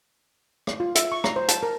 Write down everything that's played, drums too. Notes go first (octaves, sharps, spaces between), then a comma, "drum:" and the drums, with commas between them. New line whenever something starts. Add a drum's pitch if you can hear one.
drum: rim click
F4
E5, drum: hi-hat
C#6
A#5, drum: rim click
C5
A5, drum: hi-hat
A#4